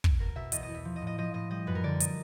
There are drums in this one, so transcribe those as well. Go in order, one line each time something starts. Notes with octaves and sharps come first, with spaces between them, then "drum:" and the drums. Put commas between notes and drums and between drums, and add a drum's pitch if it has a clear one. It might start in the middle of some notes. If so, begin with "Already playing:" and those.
drum: kick
B2 A#4
B2 E5
E2 D#5, drum: hi-hat
D#5
E2
E5
F3
D#5
A2
D#5
F3 D#5
A2 D#5
G3 D#5
F#2 B4
A#4
D3 D5
D#5, drum: hi-hat